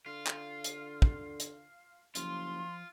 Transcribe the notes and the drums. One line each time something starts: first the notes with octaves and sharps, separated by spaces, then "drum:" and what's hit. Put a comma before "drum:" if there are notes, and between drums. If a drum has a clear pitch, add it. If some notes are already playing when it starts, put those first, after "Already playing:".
D3 F4
drum: clap
drum: hi-hat
drum: kick
drum: hi-hat
F#1 F3 F4 C6, drum: hi-hat